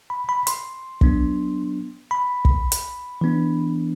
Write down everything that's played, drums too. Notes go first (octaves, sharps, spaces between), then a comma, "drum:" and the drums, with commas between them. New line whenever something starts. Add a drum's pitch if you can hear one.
B5
B5
C6, drum: hi-hat
F#3 B3 D4, drum: kick
B5
drum: kick
drum: hi-hat
E3 B3 D4